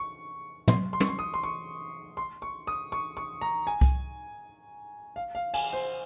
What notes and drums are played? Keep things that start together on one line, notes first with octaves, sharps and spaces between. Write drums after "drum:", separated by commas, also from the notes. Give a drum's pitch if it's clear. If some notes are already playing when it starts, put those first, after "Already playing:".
Already playing: C#6
C6, drum: tom
C6
C#6, drum: tom
C6
D#6
C6
C#6
C6
C#6
D#6
C#6
C#6
A#5
G#5
drum: kick C2
F5
F5
G#5, drum: cymbal
C5